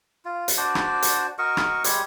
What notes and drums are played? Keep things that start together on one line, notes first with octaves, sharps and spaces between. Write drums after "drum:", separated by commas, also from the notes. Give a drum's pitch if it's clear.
F4
drum: hi-hat
D4 F#4 C5 D5
drum: rim click
drum: hi-hat
F#4 A#4 D#5 C#6
drum: rim click
G3 G#3 G4 C#5, drum: hi-hat